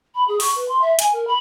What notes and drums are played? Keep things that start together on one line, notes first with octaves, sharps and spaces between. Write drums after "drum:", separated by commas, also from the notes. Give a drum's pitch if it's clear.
B5
G#4
C#6, drum: open hi-hat
B4
C6
E5
G#5, drum: hi-hat
A#4
B5